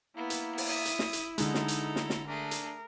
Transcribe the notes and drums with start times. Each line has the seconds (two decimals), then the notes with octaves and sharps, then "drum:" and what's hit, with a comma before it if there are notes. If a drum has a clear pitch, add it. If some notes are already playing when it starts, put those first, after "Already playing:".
0.16 A#3 B3 E4
0.30 drum: hi-hat
0.58 drum: open hi-hat
0.68 E5 D#6
0.85 drum: hi-hat
0.99 drum: snare
1.13 drum: hi-hat
1.38 D3 G#3 D#4 A4 A#5, drum: hi-hat
1.54 drum: snare
1.68 drum: hi-hat
1.96 drum: snare
2.10 drum: snare
2.27 A3 D4 G#4 A#4
2.51 drum: hi-hat